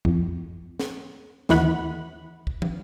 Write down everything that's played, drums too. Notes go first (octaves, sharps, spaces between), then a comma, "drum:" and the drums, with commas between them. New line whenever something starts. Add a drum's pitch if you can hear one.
F2, drum: kick
drum: snare
D#2 E3 E4 F#5 B5, drum: snare
drum: kick
drum: tom